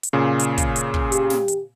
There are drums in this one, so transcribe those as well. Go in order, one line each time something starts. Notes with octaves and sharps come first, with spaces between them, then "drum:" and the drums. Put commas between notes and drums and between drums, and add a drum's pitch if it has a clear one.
drum: hi-hat
A#2 C#3
drum: hi-hat
drum: kick, hi-hat
drum: hi-hat
drum: kick
G4, drum: hi-hat
drum: snare
drum: hi-hat